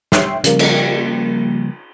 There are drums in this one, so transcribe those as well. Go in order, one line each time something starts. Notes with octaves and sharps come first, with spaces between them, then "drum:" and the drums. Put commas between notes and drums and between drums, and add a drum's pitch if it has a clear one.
G4 C#5 E5 G5 C6, drum: snare
C#3 F3 G3 A#3, drum: hi-hat
drum: cymbal